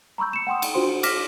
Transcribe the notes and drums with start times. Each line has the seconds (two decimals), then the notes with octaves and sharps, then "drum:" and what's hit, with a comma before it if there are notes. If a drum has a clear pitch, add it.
0.18 A#5 B5 C#6 E6 G6
0.33 C#7 E7
0.47 F#5 G5 C6 D#6
0.62 drum: cymbal
0.74 D4 F4 F#4 C5 C6
1.03 D6 F6 A#6 B6 E7, drum: cymbal